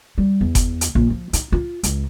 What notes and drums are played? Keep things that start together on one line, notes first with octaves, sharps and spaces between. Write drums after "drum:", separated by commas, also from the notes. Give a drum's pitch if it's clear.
G3
E2
drum: kick F#1, hi-hat
drum: hi-hat
A#1
F3
D#4, drum: hi-hat
F4
C#2, drum: hi-hat